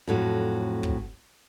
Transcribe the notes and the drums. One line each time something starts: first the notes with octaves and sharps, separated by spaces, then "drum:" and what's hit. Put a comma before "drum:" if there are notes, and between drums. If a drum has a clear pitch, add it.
F2 A2 F#3
drum: kick